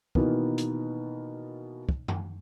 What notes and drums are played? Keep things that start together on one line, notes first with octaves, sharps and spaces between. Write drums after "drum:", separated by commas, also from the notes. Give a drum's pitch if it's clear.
B2 D#3 E3 A#3 B3, drum: kick
drum: hi-hat
drum: kick
drum: tom F#2